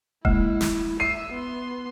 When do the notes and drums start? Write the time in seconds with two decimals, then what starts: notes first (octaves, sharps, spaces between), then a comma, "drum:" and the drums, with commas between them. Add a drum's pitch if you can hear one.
0.25 G#3 A#3 E4, drum: kick D#1
0.61 drum: snare
1.00 E5 C7 D#7
1.32 B3 C6